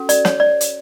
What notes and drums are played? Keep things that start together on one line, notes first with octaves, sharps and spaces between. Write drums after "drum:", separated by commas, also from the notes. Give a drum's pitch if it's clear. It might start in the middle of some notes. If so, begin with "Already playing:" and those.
Already playing: C#4 F#4 A4
D5, drum: hi-hat
C#5, drum: snare
D5
drum: hi-hat